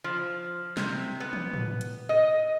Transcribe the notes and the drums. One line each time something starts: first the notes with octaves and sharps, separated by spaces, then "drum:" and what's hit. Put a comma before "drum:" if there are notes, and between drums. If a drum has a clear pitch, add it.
F3
C3, drum: snare
B3
drum: tom
drum: tom A2
drum: hi-hat
D#5